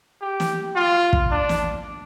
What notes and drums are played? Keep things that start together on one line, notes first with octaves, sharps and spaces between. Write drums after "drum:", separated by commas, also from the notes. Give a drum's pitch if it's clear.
G4
drum: snare
F4
drum: kick
D4
drum: snare